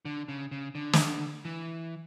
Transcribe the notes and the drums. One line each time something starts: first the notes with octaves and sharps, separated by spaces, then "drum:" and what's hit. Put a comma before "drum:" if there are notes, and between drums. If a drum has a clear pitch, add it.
D3
C#3
C#3
D3
drum: snare
E3